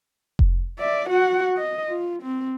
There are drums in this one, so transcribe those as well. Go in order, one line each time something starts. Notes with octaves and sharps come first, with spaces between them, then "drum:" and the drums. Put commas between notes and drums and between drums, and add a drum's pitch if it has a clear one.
drum: kick F1
D5 E5
F#4 F#5
D#5
F4
C4